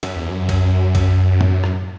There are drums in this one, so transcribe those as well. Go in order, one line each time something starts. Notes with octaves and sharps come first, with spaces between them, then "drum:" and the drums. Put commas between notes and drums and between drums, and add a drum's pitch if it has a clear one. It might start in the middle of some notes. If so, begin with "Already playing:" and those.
F#2, drum: cymbal
E2
F#2
drum: kick B1, cymbal
drum: kick B1, cymbal
drum: tom A2
drum: rim click